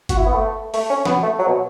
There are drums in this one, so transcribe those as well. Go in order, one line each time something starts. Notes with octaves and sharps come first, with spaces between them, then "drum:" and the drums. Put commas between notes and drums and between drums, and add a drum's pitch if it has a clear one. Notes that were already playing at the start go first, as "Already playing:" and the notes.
F#4, drum: kick G1, hi-hat
E4
B3
A3
A3, drum: open hi-hat
C#4
B3, drum: snare
A3
F#3
B2